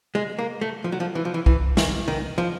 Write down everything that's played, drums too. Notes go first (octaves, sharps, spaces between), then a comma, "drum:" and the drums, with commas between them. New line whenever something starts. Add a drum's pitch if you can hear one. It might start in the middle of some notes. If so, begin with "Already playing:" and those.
G#3
A#3
A3
F3
F#3
F3
E3
F3
E3
E3, drum: kick B1
D#3, drum: snare
D#3
F3